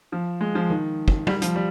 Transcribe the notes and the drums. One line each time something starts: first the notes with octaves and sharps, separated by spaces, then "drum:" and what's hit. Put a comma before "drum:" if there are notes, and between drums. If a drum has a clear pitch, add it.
F3
G#3
F3
D#3
drum: kick
G3, drum: tom
F3, drum: hi-hat
G3